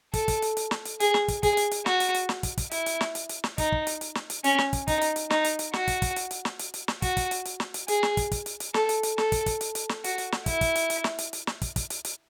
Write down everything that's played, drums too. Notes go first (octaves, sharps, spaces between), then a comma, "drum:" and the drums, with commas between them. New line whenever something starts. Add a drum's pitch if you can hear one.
A4, drum: kick, hi-hat
drum: kick, hi-hat
drum: hi-hat
drum: hi-hat
drum: snare
drum: hi-hat
G#4, drum: hi-hat
drum: snare
drum: kick, hi-hat
G#4, drum: kick, hi-hat
drum: hi-hat
drum: hi-hat
F#4, drum: snare
drum: hi-hat
drum: hi-hat
drum: snare
drum: kick, hi-hat
drum: kick, hi-hat
E4, drum: hi-hat
drum: hi-hat
drum: snare
drum: hi-hat
drum: hi-hat
drum: snare
D#4, drum: kick, hi-hat
drum: kick
drum: hi-hat
drum: hi-hat
drum: snare
drum: hi-hat
C#4, drum: hi-hat
drum: snare
drum: kick, hi-hat
D#4, drum: kick, hi-hat
drum: hi-hat
drum: hi-hat
D#4, drum: snare
drum: hi-hat
drum: hi-hat
F#4, drum: snare
drum: kick, hi-hat
drum: kick, hi-hat
drum: hi-hat
drum: hi-hat
drum: snare
drum: hi-hat
drum: hi-hat
drum: snare
F#4, drum: kick, hi-hat
drum: kick, hi-hat
drum: hi-hat
drum: hi-hat
drum: snare
drum: hi-hat
G#4, drum: hi-hat
drum: snare
drum: kick, hi-hat
drum: kick, hi-hat
drum: hi-hat
drum: hi-hat
A4, drum: snare
drum: hi-hat
drum: hi-hat
A4, drum: snare
drum: kick, hi-hat
drum: kick, hi-hat
drum: hi-hat
drum: hi-hat
drum: snare
F#4, drum: hi-hat
drum: hi-hat
drum: snare
E4, drum: kick, hi-hat
drum: kick, hi-hat
drum: hi-hat
drum: hi-hat
drum: snare
drum: hi-hat
drum: hi-hat
drum: snare
drum: kick, hi-hat
drum: kick, hi-hat
drum: hi-hat
drum: hi-hat